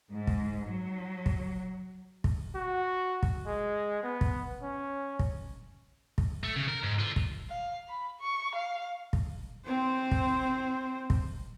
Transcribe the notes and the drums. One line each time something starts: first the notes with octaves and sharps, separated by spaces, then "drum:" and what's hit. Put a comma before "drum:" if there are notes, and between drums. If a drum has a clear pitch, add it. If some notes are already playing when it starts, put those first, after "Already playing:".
G#2
drum: kick
F#3
drum: kick
drum: kick
F#4
drum: kick
G#3
B3
drum: kick
C#4
drum: kick
drum: kick
A3
C#3
A#4
G#2
D3 F4
drum: kick
F5
B5
C#6
F5
drum: kick
C4 C5
drum: kick
drum: kick